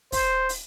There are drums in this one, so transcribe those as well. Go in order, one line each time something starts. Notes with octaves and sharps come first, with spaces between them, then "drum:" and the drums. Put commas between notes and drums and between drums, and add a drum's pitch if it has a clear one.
C5, drum: kick, open hi-hat
drum: open hi-hat